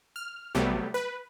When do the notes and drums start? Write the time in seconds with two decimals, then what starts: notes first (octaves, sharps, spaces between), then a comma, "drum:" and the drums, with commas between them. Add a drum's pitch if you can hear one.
0.16 F6
0.55 C3 F#3 G3 A3 B3 G4, drum: tom
0.94 B4